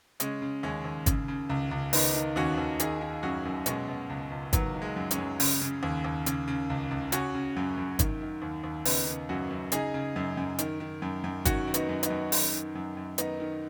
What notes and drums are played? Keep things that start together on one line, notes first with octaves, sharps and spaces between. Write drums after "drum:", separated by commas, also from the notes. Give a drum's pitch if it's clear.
C#3 G#3 C#4, drum: hi-hat
C#3
D#2 G#3 C#4
D#2
C#3, drum: kick G1, hi-hat
C#3
C#2
C#2
D#3 B3 D#4, drum: open hi-hat
D#3
D#2 C#4 F#4
D#2
D#3 D#4 G#4, drum: hi-hat
D#3
F#2 C#4 F#4
F#2
B2 G#3 C#4, drum: hi-hat
B2
C#2
C#2
D#3 F#3 B3, drum: kick G1, hi-hat
D#3
G#3
F#2
G#3 C#4, drum: hi-hat
F#2
C#3, drum: open hi-hat
C#3
D#2
D#2
C#3, drum: hi-hat
C#3
C#2
C#2
C#3 C#4 F#4, drum: hi-hat
C#3
F#2
F#2
D#3, drum: kick G1, hi-hat
D#3
D#2
D#2
C#3 B3 D#4, drum: open hi-hat
C#3
F#2 C#4 F#4
F#2
C#3 D#4 G#4, drum: hi-hat
C#3
F#2
F#2
D#3, drum: hi-hat
D#3
F#2
F#2
D#3 C#4 F#4, drum: kick G1, hi-hat
D#3
B3 D#4, drum: hi-hat
F#2
B3 D#4, drum: hi-hat
F#2
D#3, drum: open hi-hat
D#3
F#2
F#2
D#3 B3 D#4, drum: hi-hat
D#3